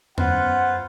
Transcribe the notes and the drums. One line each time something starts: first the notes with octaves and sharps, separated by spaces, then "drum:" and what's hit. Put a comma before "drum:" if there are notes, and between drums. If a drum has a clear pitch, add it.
F#2 B3 C#4 F4 B4 C5 F#5, drum: tom E2